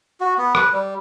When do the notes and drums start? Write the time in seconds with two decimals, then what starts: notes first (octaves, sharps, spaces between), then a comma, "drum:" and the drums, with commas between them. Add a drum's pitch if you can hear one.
0.21 F#4
0.38 B3
0.55 B4, drum: rim click
0.73 G3